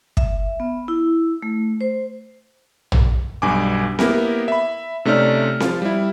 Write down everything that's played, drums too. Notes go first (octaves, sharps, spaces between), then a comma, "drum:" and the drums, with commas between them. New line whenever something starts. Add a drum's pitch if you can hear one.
E5, drum: kick
B3
E4
A3
C5
drum: tom
B1 G2 G#5 D6
A#3 B3 E4 G4 A#4, drum: snare C4
E5 B5
C3 A3 C#4 D#4 D5 F6
F3 F4, drum: snare C4
G3 E4